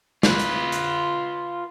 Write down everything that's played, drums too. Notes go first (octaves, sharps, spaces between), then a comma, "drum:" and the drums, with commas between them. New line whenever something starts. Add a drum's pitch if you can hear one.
F4 B4, drum: snare
drum: hi-hat
drum: hi-hat